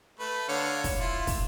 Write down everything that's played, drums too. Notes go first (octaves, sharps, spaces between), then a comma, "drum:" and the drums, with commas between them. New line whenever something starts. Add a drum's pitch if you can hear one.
A3 B4
D3 C#5 F5
drum: kick, open hi-hat
E4 F4
drum: kick, open hi-hat